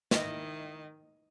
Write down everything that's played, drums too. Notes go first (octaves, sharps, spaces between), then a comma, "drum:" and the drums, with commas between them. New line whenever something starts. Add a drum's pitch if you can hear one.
D#3 E4 D#5, drum: snare